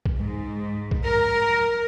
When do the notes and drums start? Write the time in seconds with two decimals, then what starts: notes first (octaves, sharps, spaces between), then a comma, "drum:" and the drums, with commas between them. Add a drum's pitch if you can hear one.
0.06 drum: kick
0.18 G#2
0.91 drum: kick
1.06 A#4